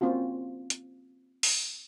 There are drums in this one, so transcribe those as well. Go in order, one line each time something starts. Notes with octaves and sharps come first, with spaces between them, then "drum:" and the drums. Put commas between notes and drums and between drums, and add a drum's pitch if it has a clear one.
A#3 C4 C#4 F4 F#4
drum: hi-hat
drum: open hi-hat